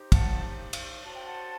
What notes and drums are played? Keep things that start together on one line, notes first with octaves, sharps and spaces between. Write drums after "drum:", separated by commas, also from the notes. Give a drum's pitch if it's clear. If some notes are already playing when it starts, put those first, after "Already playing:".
Already playing: D#4 G4 C5
F#5 A5, drum: kick, cymbal
drum: cymbal
D4 F#4 C5 A5
G5
F#5 A5